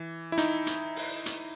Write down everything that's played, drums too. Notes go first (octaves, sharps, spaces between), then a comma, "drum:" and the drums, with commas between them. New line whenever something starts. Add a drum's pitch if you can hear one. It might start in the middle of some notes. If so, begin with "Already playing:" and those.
Already playing: E3
E4
D#4, drum: hi-hat
drum: hi-hat
drum: open hi-hat
drum: hi-hat